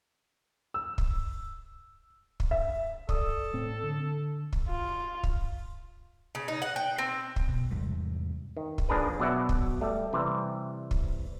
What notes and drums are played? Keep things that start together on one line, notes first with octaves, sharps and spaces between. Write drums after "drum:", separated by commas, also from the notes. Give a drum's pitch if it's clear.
E6
drum: kick
drum: kick
E5
A4 D5 D#6 E6, drum: kick
A2 C4
D3
drum: kick
F4
drum: kick
C#3
D#4
F#5
G5
C4
drum: kick
B2
E2 G#2 C3 G3
D#3
drum: kick
F3 A#3 D4 G#4 A#4 B4
B2 F#3 D5 E5 F#5
drum: kick
G3 A3
C3 E3 G3
drum: kick